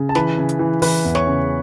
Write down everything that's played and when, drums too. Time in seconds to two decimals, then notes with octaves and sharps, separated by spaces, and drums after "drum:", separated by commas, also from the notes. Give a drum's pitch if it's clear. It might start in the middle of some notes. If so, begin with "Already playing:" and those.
Already playing: C#3
0.09 A5
0.15 E3 B4 B5, drum: snare
0.38 C#3
0.49 drum: hi-hat
0.59 E3
0.82 E3 B4 B5, drum: open hi-hat
1.05 E2
1.15 C#5 C#6, drum: snare
1.27 C#3